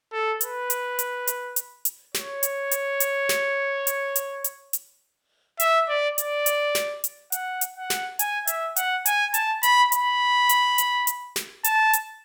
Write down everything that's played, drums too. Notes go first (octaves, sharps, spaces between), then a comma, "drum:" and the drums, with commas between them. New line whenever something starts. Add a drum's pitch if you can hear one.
A4
B4, drum: hi-hat
drum: hi-hat
drum: hi-hat
drum: hi-hat
drum: hi-hat
drum: hi-hat
C#5, drum: snare
drum: hi-hat
drum: hi-hat
drum: hi-hat
drum: snare
drum: hi-hat
drum: hi-hat
drum: hi-hat
drum: hi-hat
E5, drum: hi-hat
D5
D5, drum: hi-hat
drum: hi-hat
drum: snare
drum: hi-hat
F#5, drum: hi-hat
drum: hi-hat
F#5
drum: snare
G#5, drum: hi-hat
E5, drum: hi-hat
F#5, drum: hi-hat
G#5, drum: hi-hat
A5, drum: hi-hat
B5, drum: hi-hat
B5, drum: hi-hat
drum: hi-hat
drum: hi-hat
drum: hi-hat
drum: snare
A5, drum: hi-hat
drum: hi-hat